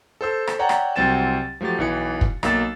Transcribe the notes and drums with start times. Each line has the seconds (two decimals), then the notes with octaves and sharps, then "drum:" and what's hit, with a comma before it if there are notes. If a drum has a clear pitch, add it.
0.21 A4 C5 E6
0.47 drum: rim click
0.59 C#5 D5 F#5 G5 A#5
0.69 drum: rim click
0.96 C2 F#3 C4 G5 A6 E7
1.61 F3 F#3 A3 G4 A6
1.78 B1 E3 C#7
2.21 drum: kick
2.43 B1 A#3 E6 A6, drum: rim click